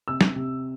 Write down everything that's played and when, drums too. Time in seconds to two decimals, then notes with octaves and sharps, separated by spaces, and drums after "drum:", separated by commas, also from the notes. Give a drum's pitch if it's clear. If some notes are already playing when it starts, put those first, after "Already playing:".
0.08 C3 E6
0.21 drum: snare
0.36 C3